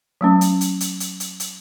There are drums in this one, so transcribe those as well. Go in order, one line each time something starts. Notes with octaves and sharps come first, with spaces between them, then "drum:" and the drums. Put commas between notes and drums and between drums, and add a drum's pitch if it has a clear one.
F#3 A3 C#4
drum: hi-hat
drum: hi-hat
drum: hi-hat
drum: hi-hat
drum: hi-hat
drum: hi-hat